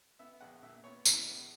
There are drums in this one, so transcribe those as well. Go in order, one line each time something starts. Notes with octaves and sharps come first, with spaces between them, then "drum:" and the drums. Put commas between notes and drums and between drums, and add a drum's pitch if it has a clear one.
B3 E5
A#1 F#5
A#2 E5
B3 C#5
B3 E4, drum: tambourine
A#1